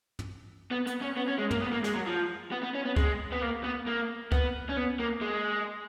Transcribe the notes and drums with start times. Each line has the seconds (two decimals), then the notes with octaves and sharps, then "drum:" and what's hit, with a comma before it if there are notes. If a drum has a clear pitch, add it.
0.19 drum: tom
0.72 B3
0.87 B3, drum: hi-hat
1.02 C#4
1.17 B3
1.28 C#4
1.39 G#3
1.51 A#3, drum: tom
1.62 B3
1.73 A#3
1.84 G#3, drum: snare
1.95 F#3
2.07 F3
2.52 B3
2.63 B3
2.75 C#4
2.85 B3
2.96 G#3, drum: kick C#2
3.32 B3
3.42 A#3
3.64 B3
3.87 A#3
4.32 B3, drum: kick C#2
4.69 C#4
4.77 B3
4.99 A#3
5.21 G#3